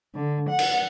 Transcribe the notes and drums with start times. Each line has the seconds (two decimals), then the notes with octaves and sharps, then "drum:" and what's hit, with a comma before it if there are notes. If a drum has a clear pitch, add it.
0.15 D3
0.49 F#5
0.59 drum: cymbal